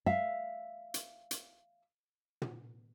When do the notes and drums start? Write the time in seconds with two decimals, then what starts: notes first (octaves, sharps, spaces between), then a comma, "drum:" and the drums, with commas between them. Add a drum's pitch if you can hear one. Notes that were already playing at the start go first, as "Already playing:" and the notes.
0.06 E5 F5
0.94 drum: hi-hat
1.31 drum: hi-hat
2.42 drum: tom